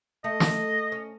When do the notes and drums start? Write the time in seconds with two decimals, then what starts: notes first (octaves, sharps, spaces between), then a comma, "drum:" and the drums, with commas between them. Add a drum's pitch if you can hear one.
0.24 A3 D#5
0.40 drum: snare
0.92 C#4